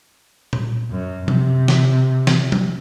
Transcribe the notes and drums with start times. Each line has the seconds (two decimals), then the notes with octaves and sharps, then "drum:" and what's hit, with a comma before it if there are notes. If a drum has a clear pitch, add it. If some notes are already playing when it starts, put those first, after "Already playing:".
0.53 drum: tom A#2
0.91 F#2
1.28 C3, drum: tom F3
1.68 drum: snare
2.27 drum: snare
2.52 drum: tom F3